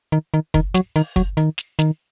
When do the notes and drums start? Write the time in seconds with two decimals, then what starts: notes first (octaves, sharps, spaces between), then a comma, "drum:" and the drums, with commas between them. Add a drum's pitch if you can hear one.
0.12 D#3
0.34 D#3
0.54 D#3, drum: kick, hi-hat
0.74 F#3, drum: snare
0.96 D#3, drum: open hi-hat
1.16 F#3, drum: kick, hi-hat
1.37 D#3, drum: hi-hat
1.58 drum: snare
1.79 D#3, drum: snare